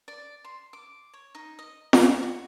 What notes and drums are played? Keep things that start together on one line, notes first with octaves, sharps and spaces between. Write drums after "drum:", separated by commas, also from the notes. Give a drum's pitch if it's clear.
D5
C6
D6
C#5
D#4
D#5
F5, drum: snare
F#4